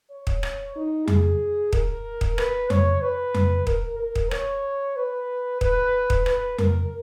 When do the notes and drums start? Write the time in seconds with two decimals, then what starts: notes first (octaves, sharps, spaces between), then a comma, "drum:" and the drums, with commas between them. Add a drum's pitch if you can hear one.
0.10 C#5
0.27 drum: kick
0.43 drum: rim click
0.76 D#4
1.08 G#4, drum: tom F2
1.73 A#4, drum: kick
2.21 drum: kick
2.38 B4, drum: rim click
2.70 C#5, drum: tom F2
3.02 B4
3.34 drum: tom F2
3.67 A#4, drum: kick
3.99 A#4
4.15 drum: kick
4.31 C#5, drum: rim click
4.96 B4
5.61 B4, drum: kick
6.10 drum: kick
6.26 B4, drum: rim click
6.58 A#4, drum: tom F2